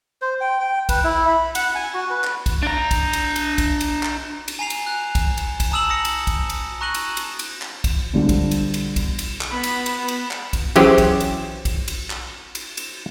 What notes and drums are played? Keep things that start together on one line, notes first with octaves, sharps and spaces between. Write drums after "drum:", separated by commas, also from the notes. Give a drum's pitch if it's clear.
C5
G5
G5
B4, drum: kick, cymbal
E4
B5
F#5, drum: cymbal
G#5
F#4
B4
drum: clap
drum: kick, cymbal
D4 A#5
drum: kick, cymbal
drum: cymbal
drum: cymbal
drum: kick, cymbal
drum: cymbal
drum: clap
drum: cymbal
G#5 A#5 C7 F7
drum: cymbal
F#6
drum: kick, cymbal
drum: cymbal
drum: kick, cymbal
A5 A#5 D#6 E6 E7 F#7
D#6 A#6 C#7
drum: cymbal
drum: kick, cymbal
drum: cymbal
A#5 C#6 F#6 A#6 D#7 F#7
drum: cymbal
drum: cymbal
drum: cymbal
drum: clap
drum: kick, cymbal
B2 D3 F3 G3 D4
drum: kick, cymbal
drum: cymbal
drum: cymbal
drum: kick, cymbal
drum: cymbal
drum: clap
B3 B5
drum: cymbal
drum: cymbal
drum: cymbal
drum: clap
drum: kick, cymbal
E3 F#3 C#4 G4 G#4 C5, drum: cymbal
drum: kick, cymbal
drum: cymbal
drum: kick, cymbal
drum: cymbal
drum: clap
drum: cymbal
drum: cymbal